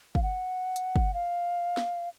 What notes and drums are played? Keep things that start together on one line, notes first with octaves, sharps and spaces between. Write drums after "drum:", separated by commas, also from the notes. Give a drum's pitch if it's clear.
F5, drum: kick
F#5
drum: hi-hat
drum: kick
F5
drum: snare